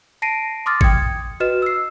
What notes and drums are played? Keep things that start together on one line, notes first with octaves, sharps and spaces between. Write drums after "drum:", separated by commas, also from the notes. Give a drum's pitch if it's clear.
A5 A#6 C7 D7 D#7
C6 D6 D#6 F6 A6
G5 D#6 G#6 C#7, drum: kick G#1
F#4 B4 D#5 F6 E7
E6 C7